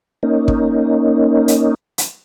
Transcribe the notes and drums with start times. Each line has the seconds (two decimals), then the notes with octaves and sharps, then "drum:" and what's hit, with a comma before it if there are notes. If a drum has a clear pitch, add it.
0.23 A#3 C#4 D#4
0.48 drum: kick
1.48 drum: hi-hat
1.98 drum: hi-hat